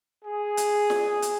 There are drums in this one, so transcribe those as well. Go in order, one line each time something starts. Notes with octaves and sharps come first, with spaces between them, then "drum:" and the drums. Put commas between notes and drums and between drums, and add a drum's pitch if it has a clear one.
G#4
drum: hi-hat
drum: snare
drum: hi-hat